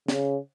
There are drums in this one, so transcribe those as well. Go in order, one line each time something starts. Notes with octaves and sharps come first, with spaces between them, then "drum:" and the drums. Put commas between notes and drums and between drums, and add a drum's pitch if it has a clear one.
C#3, drum: snare